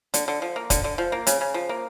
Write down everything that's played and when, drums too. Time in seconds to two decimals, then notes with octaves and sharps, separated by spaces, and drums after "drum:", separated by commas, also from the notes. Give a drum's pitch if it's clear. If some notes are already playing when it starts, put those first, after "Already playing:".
0.14 D3, drum: hi-hat
0.28 D3
0.42 F3
0.56 A#3
0.70 D3, drum: kick, hi-hat
0.84 D3
0.98 F3
1.12 A#3
1.27 C#3, drum: hi-hat
1.41 C#3
1.54 F3
1.69 A#3